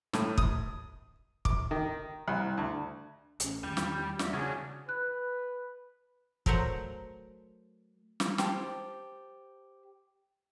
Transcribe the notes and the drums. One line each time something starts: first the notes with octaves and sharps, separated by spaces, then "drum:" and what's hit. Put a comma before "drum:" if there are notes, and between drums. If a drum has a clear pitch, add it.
A2, drum: snare
D#6, drum: kick
D6, drum: kick
D#3
C2
D2
A1 C#4, drum: hi-hat
E2 D#3 G3
drum: snare
F#4 D5 E5, drum: snare
C#3 C#4 D4 F#4 G#4
B4 F#6
F#3 A3 A#4 C5 E5 F#5, drum: kick
drum: snare
G4 C5 A5, drum: snare